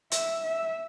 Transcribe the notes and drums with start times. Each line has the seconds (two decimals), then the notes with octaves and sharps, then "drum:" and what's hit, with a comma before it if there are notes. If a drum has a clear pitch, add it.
0.11 E5, drum: hi-hat
0.43 E5